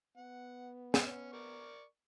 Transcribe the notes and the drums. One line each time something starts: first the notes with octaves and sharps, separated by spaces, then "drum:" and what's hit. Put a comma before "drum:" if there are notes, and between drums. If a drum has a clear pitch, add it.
B3 F#5
C#4, drum: snare
A#4 D5 C#6